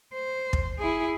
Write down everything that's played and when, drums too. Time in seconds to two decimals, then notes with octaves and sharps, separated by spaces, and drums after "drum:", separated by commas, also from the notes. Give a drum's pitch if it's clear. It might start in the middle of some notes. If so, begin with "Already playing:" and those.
0.13 C5
0.53 drum: kick
0.78 E4 G#4